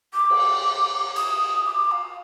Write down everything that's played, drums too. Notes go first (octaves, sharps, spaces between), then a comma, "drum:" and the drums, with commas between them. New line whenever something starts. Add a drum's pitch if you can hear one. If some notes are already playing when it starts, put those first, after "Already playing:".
D6
drum: cymbal
D#6, drum: cymbal
D6
F5